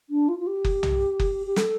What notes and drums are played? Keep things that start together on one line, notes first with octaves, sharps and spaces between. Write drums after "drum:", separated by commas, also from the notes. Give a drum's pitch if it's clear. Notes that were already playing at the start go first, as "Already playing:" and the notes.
D4
F4
F4
G4
drum: kick F#1
drum: tom B1
drum: kick F#1
G4
A4, drum: snare